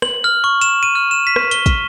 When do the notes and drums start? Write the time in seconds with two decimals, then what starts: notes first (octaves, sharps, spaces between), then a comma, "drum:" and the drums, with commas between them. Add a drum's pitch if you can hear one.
0.02 F#7, drum: rim click
0.24 F6
0.44 C#6
0.61 E7, drum: hi-hat
0.83 D#7
0.95 F6
1.11 E7
1.27 B6
1.36 drum: rim click
1.51 G7, drum: hi-hat
1.66 drum: kick, hi-hat